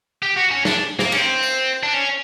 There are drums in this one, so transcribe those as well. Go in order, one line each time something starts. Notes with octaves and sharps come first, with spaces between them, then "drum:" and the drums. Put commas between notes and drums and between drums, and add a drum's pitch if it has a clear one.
G4
F#4
C#4
D4, drum: snare
A#3, drum: snare
C#4, drum: cymbal
C4
drum: tambourine
D4
C#4